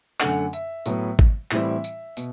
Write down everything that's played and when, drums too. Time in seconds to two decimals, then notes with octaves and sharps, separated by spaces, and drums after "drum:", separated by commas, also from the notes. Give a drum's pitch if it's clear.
0.20 F#2 D3 A3 D4 F#5, drum: clap
0.53 E5, drum: tambourine
0.86 A2 F#3 B3, drum: tambourine
1.19 drum: kick G#1
1.51 A2 E3 G3 C4 E4 E5, drum: clap
1.68 E5
1.84 drum: tambourine
2.17 B2, drum: tambourine